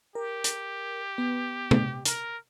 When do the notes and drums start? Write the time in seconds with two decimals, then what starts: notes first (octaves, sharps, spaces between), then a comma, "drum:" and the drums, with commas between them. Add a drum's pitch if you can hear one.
0.15 G4 A#4
0.44 drum: hi-hat
1.18 B3
1.71 drum: tom
2.05 A#4, drum: hi-hat